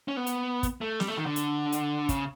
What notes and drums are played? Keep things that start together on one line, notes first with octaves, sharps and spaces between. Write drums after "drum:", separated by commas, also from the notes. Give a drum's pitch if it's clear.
C#4
B3
drum: hi-hat
drum: kick, hi-hat
A3
G3, drum: snare
A3
D#3
D3
drum: hi-hat
drum: hi-hat
C#3, drum: kick, hi-hat